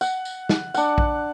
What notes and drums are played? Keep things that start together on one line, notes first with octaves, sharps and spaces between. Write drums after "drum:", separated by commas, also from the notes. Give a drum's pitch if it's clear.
F#5, drum: tambourine
drum: tambourine
drum: snare
D4 F#5, drum: tambourine
drum: kick A#1